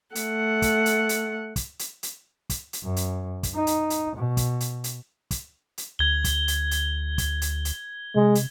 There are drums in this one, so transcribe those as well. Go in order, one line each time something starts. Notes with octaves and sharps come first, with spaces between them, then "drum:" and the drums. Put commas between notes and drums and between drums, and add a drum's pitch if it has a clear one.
A3 F#5, drum: hi-hat
drum: kick, hi-hat
drum: hi-hat
drum: hi-hat
drum: kick, hi-hat
drum: hi-hat
drum: hi-hat
drum: kick, hi-hat
drum: hi-hat
F#2
drum: hi-hat
drum: kick, hi-hat
D#4
drum: hi-hat
drum: hi-hat
B2
drum: kick, hi-hat
drum: hi-hat
drum: hi-hat
drum: kick, hi-hat
drum: hi-hat
D2 G#6 G7
drum: kick, hi-hat
drum: hi-hat
drum: hi-hat
drum: kick, hi-hat
drum: hi-hat
drum: hi-hat
C3 G#3
drum: hi-hat